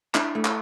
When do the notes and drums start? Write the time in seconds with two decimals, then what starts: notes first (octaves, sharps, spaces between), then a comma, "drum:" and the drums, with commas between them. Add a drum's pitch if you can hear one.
0.15 D4 E4, drum: clap
0.35 A3
0.45 drum: clap